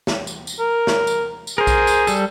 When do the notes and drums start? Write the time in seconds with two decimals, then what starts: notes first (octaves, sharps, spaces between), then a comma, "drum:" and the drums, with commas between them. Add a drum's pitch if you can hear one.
0.07 drum: snare
0.27 drum: tambourine
0.47 drum: tambourine
0.60 A#4
0.87 drum: snare
1.07 drum: tambourine
1.47 drum: tambourine
1.58 G#4 A#4 C5
1.67 drum: kick A#1, tambourine
1.87 drum: tambourine
2.07 G3 A4, drum: tambourine